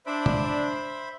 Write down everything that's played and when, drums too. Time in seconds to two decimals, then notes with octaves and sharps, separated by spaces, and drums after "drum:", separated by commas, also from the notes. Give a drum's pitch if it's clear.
0.06 D4 C5 E5 B5
0.26 drum: tom